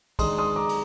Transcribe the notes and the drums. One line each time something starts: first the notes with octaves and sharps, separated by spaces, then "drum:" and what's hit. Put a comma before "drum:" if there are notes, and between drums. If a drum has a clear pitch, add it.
D#3 G#3 D4 C6 D#6, drum: kick, cymbal
C6 D#6
A#5 D6
drum: cymbal